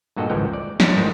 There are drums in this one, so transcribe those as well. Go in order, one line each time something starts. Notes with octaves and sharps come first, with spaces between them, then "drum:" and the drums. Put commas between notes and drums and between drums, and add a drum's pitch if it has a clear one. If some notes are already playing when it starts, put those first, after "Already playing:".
G2 A#2 F#4 A4 D#5
G#1 C#2 E3 F3 C#4 G5
D5
F#3, drum: snare
G#1 A2 D#3 G#3 D#4 C5